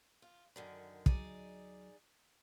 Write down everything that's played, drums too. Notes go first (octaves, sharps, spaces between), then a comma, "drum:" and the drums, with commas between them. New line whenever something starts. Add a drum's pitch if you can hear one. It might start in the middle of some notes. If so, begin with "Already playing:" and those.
F4
F#2 D3 D#3 D5
D2 F#3 D#4 G#4 D5, drum: kick